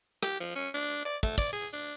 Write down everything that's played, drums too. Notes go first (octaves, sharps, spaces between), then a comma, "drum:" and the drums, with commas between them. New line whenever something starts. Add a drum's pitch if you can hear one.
G4, drum: rim click
F3
C#4
D4
D5
A3, drum: kick
D5, drum: kick, open hi-hat
G#4
D4